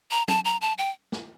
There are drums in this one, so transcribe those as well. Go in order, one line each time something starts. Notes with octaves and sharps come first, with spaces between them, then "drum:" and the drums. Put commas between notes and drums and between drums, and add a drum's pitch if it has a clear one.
A#5
A5, drum: tom
A#5
A5
G5
drum: snare